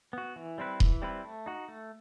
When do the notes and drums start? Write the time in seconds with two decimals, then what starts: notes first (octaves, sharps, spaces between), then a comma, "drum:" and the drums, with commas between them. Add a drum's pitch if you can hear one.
0.13 B3 F#4
0.36 E3
0.58 G3 C4 E4 B4
0.80 E3, drum: kick D#1
1.02 G3 C4 E4 B4
1.25 A3
1.46 D#4 F#4
1.68 A3